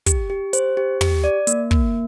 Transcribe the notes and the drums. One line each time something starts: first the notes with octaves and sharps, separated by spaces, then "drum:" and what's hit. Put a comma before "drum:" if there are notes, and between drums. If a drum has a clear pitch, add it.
G4, drum: kick, hi-hat
G4
C5, drum: hi-hat
G4
G4, drum: tom
D5
A#3, drum: hi-hat
A#3, drum: kick